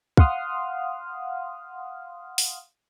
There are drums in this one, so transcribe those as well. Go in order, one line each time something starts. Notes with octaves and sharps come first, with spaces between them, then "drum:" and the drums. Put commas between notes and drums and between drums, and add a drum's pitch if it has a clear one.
F5 F#5 C6 D#6 F6, drum: kick
drum: open hi-hat